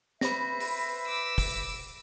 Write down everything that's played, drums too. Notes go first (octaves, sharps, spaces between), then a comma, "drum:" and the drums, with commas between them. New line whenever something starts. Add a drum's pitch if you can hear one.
B4 C5 E5 B5 A#6, drum: snare
drum: open hi-hat
D6 E6
drum: kick, open hi-hat